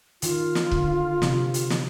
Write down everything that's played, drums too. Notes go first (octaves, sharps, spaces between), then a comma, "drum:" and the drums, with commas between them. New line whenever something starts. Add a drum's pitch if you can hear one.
D#3 F4, drum: hi-hat
drum: snare
D3, drum: kick
C3, drum: snare
drum: hi-hat
drum: snare